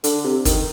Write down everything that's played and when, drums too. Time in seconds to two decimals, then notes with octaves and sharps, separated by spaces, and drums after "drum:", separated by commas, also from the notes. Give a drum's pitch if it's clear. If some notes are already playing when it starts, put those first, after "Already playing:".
0.04 D3, drum: hi-hat
0.24 C3
0.45 D#3, drum: kick G1, hi-hat